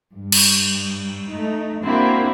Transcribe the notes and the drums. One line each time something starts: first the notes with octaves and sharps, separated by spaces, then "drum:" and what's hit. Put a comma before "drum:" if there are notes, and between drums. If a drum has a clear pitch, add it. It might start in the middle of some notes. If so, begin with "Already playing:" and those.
G2
drum: cymbal
A3 D#4
A#3 C4 D4 E4 F#4